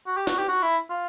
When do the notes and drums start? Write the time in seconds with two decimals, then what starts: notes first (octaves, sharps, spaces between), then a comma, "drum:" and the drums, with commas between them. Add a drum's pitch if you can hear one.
0.07 F#4
0.17 G4
0.27 F#4, drum: snare
0.38 G4
0.48 F#4
0.62 E4
0.90 F4